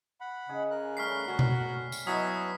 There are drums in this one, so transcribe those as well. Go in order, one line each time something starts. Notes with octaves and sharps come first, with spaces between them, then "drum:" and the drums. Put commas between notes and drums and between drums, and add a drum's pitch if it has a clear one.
F#5 B5
C#3 D#4 G#4
A#4 F#6
G3 A3 C#4 F6 B6 C7
G3 C#4 F#4
drum: tom B2
drum: tambourine
B2 F#3 B3 E4 C#5 G#5 D#6 B6